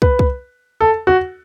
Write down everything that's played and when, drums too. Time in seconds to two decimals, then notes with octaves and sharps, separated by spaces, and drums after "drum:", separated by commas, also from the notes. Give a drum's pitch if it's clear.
0.02 B4, drum: kick
0.19 drum: kick
0.81 A4
1.07 F#4